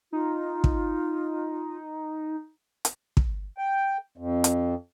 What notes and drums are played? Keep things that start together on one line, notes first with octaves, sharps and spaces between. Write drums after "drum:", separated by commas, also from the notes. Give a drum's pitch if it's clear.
D#4 F4
drum: kick
drum: hi-hat
drum: kick
G5
F2
drum: hi-hat